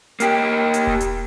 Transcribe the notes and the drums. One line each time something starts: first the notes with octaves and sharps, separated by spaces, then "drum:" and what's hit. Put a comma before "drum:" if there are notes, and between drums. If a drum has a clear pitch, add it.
A#3 G4, drum: hi-hat
drum: hi-hat
drum: kick E1
drum: hi-hat